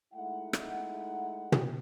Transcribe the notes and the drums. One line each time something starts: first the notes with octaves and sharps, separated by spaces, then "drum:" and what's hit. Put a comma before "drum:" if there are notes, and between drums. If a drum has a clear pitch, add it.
G#3 A3 D#4 E4 F#5
drum: rim click
drum: tom